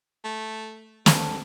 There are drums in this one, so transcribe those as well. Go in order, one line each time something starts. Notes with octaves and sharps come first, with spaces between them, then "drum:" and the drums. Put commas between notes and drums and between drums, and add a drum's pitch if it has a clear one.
A3
D#2 D3 A5, drum: snare